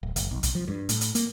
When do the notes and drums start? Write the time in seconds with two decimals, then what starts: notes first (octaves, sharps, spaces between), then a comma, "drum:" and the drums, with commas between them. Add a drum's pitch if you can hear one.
0.03 D1
0.16 F#1, drum: hi-hat
0.31 B1
0.43 B1, drum: kick, hi-hat
0.55 F3
0.68 G2
0.89 A2, drum: hi-hat
1.01 drum: hi-hat
1.15 A#3, drum: hi-hat